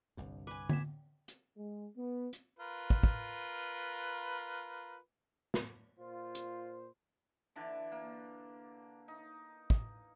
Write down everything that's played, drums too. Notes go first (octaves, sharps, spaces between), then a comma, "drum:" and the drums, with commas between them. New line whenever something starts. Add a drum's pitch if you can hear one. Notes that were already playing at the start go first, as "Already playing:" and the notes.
G1 C2 G2
B4 G#5 D6
G#6 B6 E7, drum: tom D3
drum: hi-hat
G#3
B3
drum: hi-hat
F4 A#4 B4
drum: kick
drum: kick
drum: snare
A#2 F4 C5
drum: hi-hat
D3 E3 D4
A#3
D#4
drum: kick